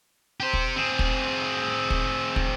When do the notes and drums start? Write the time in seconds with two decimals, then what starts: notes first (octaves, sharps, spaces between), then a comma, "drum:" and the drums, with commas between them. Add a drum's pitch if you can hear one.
0.40 G4 C5
0.53 drum: kick
0.76 C4 G#4
0.99 drum: kick
1.90 drum: kick
2.36 drum: kick